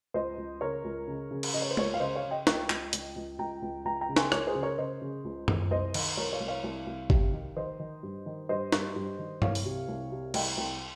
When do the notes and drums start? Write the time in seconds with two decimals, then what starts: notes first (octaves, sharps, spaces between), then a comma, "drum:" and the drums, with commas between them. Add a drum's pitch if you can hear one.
0.14 C#2 C5 D#5
0.38 C#2
0.61 C#3 A#4 C#5
0.84 C#2
1.07 C#3
1.31 C#3
1.43 drum: cymbal
1.54 C#3 D#5
1.62 C#5
1.71 C5
1.77 C#2 A#4 C#5, drum: tom
1.94 F5
2.00 C#3 C5 D#5
2.15 C#5 F5
2.24 C#3
2.31 D#5 G5
2.47 C#2, drum: snare
2.70 C#2, drum: clap
2.93 C#2, drum: hi-hat
3.16 C#2
3.39 C#2 G5 A#5
3.62 C#2
3.85 C#2 G5 A#5
4.01 G5 A#5
4.09 C#3
4.16 G#5 C6, drum: snare
4.32 C#2 A#4 C#5, drum: rim click
4.47 G#4 C5
4.55 C#3
4.63 A#4 C#5
4.78 C#3 C5 D#5
5.02 C#3
5.25 C#2
5.48 C#2, drum: tom F#2
5.71 C2 C5 D#5
5.94 D#3, drum: cymbal
6.17 C2 A#4 C#5
6.33 C#5 F5
6.41 C2
6.48 C#5 F5
6.64 C2
6.87 C2
7.10 C3, drum: kick
7.33 D#3
7.56 D#3 C5 D#5
7.79 D#3
8.03 G2
8.26 D#3
8.49 G2 C5 D#5
8.72 G2, drum: snare
8.96 G2
9.19 D#3
9.42 C2 C#5 F5, drum: tom G2
9.55 drum: open hi-hat
9.65 C3
9.89 C2
10.12 C3
10.34 C2 D#5 G5, drum: cymbal
10.57 C2